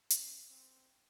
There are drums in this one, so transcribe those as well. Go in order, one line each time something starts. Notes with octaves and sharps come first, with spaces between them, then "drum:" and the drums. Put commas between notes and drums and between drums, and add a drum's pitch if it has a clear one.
C#4, drum: hi-hat
C4